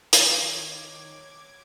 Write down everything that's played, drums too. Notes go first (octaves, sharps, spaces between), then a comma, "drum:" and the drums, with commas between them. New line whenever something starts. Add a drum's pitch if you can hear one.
D#3 C#5 D6 G#6, drum: hi-hat